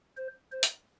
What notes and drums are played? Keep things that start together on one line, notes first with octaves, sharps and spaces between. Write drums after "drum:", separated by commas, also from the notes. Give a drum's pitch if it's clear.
C5
C5
drum: hi-hat